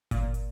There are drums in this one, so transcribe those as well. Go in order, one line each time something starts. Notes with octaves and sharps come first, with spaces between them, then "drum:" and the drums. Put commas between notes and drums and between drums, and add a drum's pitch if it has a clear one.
A#2, drum: kick G1, hi-hat
drum: hi-hat